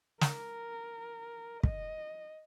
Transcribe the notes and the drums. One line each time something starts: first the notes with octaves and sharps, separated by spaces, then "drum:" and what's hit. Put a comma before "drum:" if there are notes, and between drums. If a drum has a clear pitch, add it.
A#4, drum: snare
D#5, drum: kick